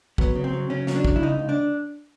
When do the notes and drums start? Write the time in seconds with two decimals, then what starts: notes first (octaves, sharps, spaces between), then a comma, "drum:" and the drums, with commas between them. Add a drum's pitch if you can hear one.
0.18 F#3 B3, drum: kick
0.35 C#3
0.44 C4
0.53 F#3
0.70 C#3 C#4
0.87 F#3, drum: snare
0.96 D4
1.05 C#3, drum: kick
1.16 E4
1.23 C#2 D#4
1.39 C#2
1.49 D4